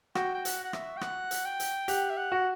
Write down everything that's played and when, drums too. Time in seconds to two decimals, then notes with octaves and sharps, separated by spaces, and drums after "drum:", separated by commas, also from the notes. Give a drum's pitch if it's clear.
0.15 F#4 G5, drum: rim click
0.34 G5
0.45 F#5, drum: hi-hat
0.64 F#5
0.73 E5, drum: rim click
0.97 G5
1.01 F#5, drum: rim click
1.31 drum: hi-hat
1.45 G5
1.60 drum: hi-hat
1.88 G4 F#5, drum: hi-hat
2.10 E5
2.17 F#5
2.32 F#4